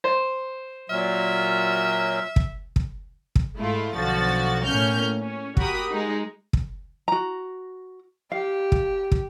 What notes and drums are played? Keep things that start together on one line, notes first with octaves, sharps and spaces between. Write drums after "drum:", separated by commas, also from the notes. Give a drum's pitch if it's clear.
C5
A#2 F#3 E5 F6
drum: kick
drum: kick
drum: kick
G#2 G#3 A3 E4 F4
B1 D3 F3 F#4 A6
A2 A#3 C#4 F6 G6
C#4
F#4 G4 A#4 B5 D#6, drum: kick
G#3 D#4
drum: kick
F#4 A#5
G4 F5
drum: kick
drum: kick